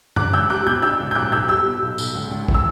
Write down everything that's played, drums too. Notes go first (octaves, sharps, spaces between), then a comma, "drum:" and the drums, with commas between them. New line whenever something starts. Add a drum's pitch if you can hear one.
D4 D6 F#6, drum: tom F#2
C#2 E6 G6
G3 D6 F#6
B2 G6
D4 E6 G6
C#2
G6
B1 D6 F#6
B1 E6 G6
G3 E6 G6
B2
B1
B1, drum: tambourine
C#2
C#2
E3, drum: kick
E6